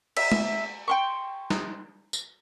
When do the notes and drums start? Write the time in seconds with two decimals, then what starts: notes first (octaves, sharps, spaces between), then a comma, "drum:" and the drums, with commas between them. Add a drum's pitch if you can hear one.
0.17 E5, drum: cymbal
0.32 drum: tom
0.88 G5 C6 C#6
1.50 drum: snare
2.13 drum: tambourine